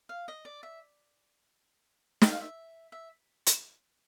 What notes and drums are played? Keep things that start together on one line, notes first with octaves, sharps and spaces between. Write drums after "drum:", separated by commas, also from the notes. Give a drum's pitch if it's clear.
F5
D#5
D5
E5
E5, drum: snare
F5
E5
E5
drum: hi-hat